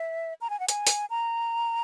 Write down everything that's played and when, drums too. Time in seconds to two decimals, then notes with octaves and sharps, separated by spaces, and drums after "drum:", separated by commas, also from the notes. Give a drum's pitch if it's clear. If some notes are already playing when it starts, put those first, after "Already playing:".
Already playing: E5
0.41 A#5
0.50 G#5
0.60 F#5
0.69 G#5, drum: hi-hat
0.87 drum: hi-hat
1.10 A#5